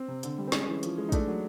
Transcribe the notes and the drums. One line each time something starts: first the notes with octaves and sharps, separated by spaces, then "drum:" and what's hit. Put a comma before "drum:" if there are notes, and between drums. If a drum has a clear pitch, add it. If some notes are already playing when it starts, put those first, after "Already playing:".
Already playing: C4
C3
D3, drum: hi-hat
G3
C4
G#3 C#4, drum: snare
E3
F3, drum: hi-hat
G#3
D#4
A3 D4, drum: kick, hi-hat
F#3